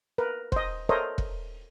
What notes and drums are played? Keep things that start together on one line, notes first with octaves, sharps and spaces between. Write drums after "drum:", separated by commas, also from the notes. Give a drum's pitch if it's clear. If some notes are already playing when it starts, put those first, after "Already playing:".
A#4 B4
C5 D#5, drum: kick F1
A4 A#4 C5 C#5 D#5 E5
drum: kick F1